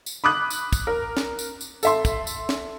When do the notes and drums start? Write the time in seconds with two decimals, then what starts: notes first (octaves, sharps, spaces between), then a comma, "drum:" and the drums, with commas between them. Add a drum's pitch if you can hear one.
0.06 drum: tambourine
0.24 B5 D6 D#6 F#6
0.50 drum: tambourine
0.73 drum: kick, tambourine
0.87 A#4
1.17 drum: snare
1.39 drum: tambourine
1.61 drum: tambourine
1.83 A4 E5 C6, drum: tambourine
2.05 drum: kick, tambourine
2.27 drum: tambourine
2.49 drum: snare